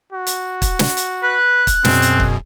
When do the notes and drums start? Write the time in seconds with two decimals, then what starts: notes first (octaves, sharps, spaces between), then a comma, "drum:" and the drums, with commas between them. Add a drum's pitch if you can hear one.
0.12 F#4
0.27 drum: hi-hat
0.62 drum: kick, hi-hat
0.79 drum: snare
0.97 drum: hi-hat
1.23 B4 F#6
1.67 drum: kick, hi-hat
1.85 F#2 B2 C4 G#4, drum: snare
2.02 drum: hi-hat
2.20 drum: kick